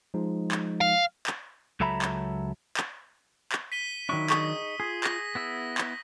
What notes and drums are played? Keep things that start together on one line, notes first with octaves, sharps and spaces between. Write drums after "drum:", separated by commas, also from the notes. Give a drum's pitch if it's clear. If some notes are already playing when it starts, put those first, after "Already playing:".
F3 G#3 D#4
drum: clap
F5
drum: clap
C#2 F#3 A4 E5 A#5 B5
drum: clap
drum: clap
drum: clap
B6 D#7 G7
D#3 F#3 D4 E4 C#6
D#4 G#4 D#5 C#6 D#6, drum: clap
F4 G#4
A#6, drum: clap
B3 E4 E6
drum: clap